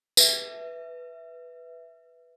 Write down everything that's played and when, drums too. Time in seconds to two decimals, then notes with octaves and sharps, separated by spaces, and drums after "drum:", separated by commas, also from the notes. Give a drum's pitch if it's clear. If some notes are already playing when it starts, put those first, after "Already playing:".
0.17 B4 E5, drum: tambourine